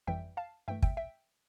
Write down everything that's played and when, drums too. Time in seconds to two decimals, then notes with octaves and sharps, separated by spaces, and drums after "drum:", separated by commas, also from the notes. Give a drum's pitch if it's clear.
0.07 G1 F2 E3 G3 E5 G5
0.37 F5 A5
0.68 G2 E3 A3 E5 G5
0.82 E5 G5, drum: kick
0.97 E5 G5